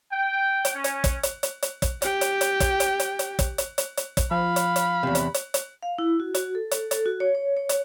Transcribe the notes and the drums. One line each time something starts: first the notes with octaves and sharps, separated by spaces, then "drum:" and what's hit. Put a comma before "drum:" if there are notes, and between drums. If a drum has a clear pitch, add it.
G5
drum: hi-hat
C#4
drum: hi-hat
drum: kick, hi-hat
drum: hi-hat
drum: hi-hat
drum: hi-hat
drum: kick, hi-hat
G4 G5, drum: hi-hat
drum: hi-hat
drum: hi-hat
drum: kick, hi-hat
drum: hi-hat
drum: hi-hat
drum: hi-hat
drum: kick, hi-hat
drum: hi-hat
drum: hi-hat
drum: hi-hat
drum: kick, hi-hat
F3 F5 B5
drum: hi-hat
drum: hi-hat
E2 C3
drum: hi-hat
drum: hi-hat
drum: hi-hat
F5
E4
F#4
F#4, drum: hi-hat
A4
drum: hi-hat
A4, drum: hi-hat
F#4
C#5
C#5
C#5
drum: hi-hat